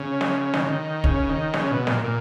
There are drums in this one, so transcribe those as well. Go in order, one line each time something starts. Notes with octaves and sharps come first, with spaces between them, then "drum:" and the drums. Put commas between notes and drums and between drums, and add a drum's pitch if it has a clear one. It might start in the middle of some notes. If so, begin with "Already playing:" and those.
Already playing: C#3
drum: snare
D#3, drum: snare
C#3
D#3
C#3, drum: kick
D#3
C#3, drum: snare
B2
A#2, drum: snare
A#2